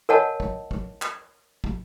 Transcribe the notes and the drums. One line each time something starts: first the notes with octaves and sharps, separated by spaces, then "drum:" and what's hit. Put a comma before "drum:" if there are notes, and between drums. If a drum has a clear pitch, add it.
A#4 C#5 D#5 F5 F#5 A5
drum: kick
drum: kick
drum: clap
drum: kick